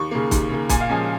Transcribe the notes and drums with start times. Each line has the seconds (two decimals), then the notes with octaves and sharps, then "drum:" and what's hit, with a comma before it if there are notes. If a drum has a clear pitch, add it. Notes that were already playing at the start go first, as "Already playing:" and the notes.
Already playing: D#2 C#6
0.11 C#3 A#3
0.31 D#2, drum: kick, hi-hat
0.50 C#3 A#3
0.69 A#2 G#5, drum: kick, hi-hat
0.80 F5
0.89 F3 G#3 C#4 G#5